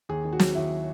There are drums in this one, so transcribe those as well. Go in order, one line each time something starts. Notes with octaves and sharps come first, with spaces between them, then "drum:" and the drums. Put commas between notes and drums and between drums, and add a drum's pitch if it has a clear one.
D#2 G#4
D#3
F#4
F#3, drum: snare
D#2 E4